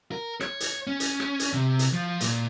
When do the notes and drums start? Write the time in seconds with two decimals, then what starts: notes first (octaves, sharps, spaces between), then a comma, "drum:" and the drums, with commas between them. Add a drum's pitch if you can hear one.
0.12 A#4
0.41 C#5, drum: rim click
0.60 drum: hi-hat
0.87 C#4
1.00 drum: hi-hat
1.20 drum: rim click
1.40 drum: hi-hat
1.53 C3
1.79 drum: hi-hat
1.93 F3
2.21 A#2, drum: hi-hat